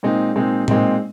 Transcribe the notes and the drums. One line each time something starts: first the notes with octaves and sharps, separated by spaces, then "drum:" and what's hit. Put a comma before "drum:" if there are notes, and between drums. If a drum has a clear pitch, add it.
A#2 G#3 C4 D#4
A#2 G#3 C4 D#4
A#2 G#3 C4 D#4, drum: tom A2